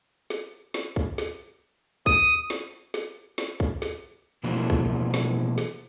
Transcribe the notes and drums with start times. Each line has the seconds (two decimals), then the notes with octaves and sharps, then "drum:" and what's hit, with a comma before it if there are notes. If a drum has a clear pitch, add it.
0.30 drum: snare
0.74 drum: snare
0.96 drum: kick
1.18 drum: snare
2.06 D#6, drum: kick
2.50 drum: snare
2.94 drum: snare
3.38 drum: snare
3.60 drum: kick
3.82 drum: snare
4.44 B2 E3 F3 A#3 F#4
4.70 drum: kick
5.14 drum: snare
5.58 drum: snare